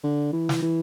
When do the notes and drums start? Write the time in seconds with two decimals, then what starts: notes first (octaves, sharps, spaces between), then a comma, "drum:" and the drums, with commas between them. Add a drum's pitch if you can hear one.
0.03 D3
0.33 E3
0.49 drum: snare
0.62 E3